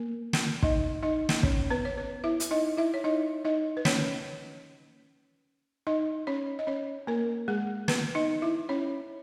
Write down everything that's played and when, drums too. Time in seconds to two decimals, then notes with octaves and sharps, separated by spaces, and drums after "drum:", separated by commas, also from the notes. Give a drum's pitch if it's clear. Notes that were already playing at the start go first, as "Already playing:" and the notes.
Already playing: A#3 A#4
0.33 drum: snare
0.63 D#4 D#5, drum: kick
1.03 D#4 D#5
1.29 drum: snare
1.43 C#4 C#5, drum: kick
1.70 B3 B4
1.85 C#5
1.97 B3 B4
2.24 E4 E5
2.40 drum: hi-hat
2.51 D#4 D#5
2.77 E4 E5
2.94 C#5
3.04 D#4 D#5
3.45 D#4 D#5
3.77 B4
3.85 C#4 C#5, drum: snare
5.87 D#4 D#5
6.27 C#4 C#5
6.59 D#5
6.67 C#4 C#5
7.07 A#3 A#4
7.48 G#3 G#4
7.88 B3 B4, drum: snare
8.15 D#4 D#5
8.42 E4 E5
8.69 C#4 C#5